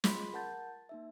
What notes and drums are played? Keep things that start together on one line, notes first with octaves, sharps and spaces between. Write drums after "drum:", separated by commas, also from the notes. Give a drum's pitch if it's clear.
F4 G#4 D#5 B5 C6 B6, drum: snare
A#4 F#5 A5 G6 A6
A#3 D#4 E5